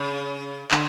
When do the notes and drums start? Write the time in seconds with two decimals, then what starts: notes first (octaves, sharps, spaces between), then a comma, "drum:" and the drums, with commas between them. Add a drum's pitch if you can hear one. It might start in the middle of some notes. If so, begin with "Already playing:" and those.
Already playing: C#3
0.71 D3, drum: clap